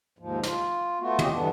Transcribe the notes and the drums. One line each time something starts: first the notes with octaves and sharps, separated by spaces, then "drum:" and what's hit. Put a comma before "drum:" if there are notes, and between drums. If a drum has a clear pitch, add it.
D#2 G#2 F3
F4, drum: snare
A3 B3 F4 F#4
F#3 C#4 F4 G4 D#5, drum: tom
E2 G2 D3 E3 B3 D4